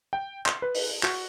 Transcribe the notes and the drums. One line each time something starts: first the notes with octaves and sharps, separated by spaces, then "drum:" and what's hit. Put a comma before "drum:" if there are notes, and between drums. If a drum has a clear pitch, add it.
G5
C6, drum: clap
B4
drum: open hi-hat
F#4, drum: clap